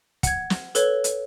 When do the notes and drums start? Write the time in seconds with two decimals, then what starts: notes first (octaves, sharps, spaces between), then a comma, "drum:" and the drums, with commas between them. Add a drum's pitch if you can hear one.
0.23 F#5 G#6, drum: kick, hi-hat
0.50 drum: snare
0.75 A4 B4 C#5, drum: hi-hat
1.04 drum: hi-hat